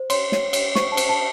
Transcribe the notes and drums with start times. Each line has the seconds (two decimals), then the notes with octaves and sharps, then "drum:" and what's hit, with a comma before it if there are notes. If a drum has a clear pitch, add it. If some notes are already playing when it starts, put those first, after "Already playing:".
Already playing: C5
0.10 C#5 C6, drum: cymbal
0.32 C#5, drum: snare
0.53 C#5, drum: cymbal
0.75 C5 C#6, drum: snare
0.92 A5
0.97 C5, drum: cymbal
1.09 A5